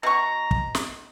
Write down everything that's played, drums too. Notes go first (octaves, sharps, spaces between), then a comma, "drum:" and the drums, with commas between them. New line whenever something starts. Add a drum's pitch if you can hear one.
B2 A#5 C#6
drum: kick
drum: snare